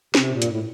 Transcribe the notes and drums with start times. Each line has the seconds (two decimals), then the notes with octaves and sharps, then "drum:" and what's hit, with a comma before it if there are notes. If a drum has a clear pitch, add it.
0.15 C3, drum: snare
0.31 A#2
0.42 G2, drum: hi-hat
0.47 A2